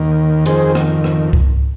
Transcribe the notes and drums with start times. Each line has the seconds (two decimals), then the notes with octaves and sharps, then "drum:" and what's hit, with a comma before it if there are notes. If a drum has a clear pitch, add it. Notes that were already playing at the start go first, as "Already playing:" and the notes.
Already playing: D#2 D#3
0.46 F2 D#3 G#4 C5, drum: hi-hat
0.75 drum: rim click
1.04 drum: rim click
1.33 drum: kick C2